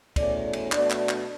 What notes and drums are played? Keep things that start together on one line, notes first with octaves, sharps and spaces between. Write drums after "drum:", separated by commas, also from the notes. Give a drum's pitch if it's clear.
E2 B2 A3 C#4 D5, drum: kick, cymbal
drum: cymbal
B2 A3 D4 D5, drum: clap
drum: clap
drum: clap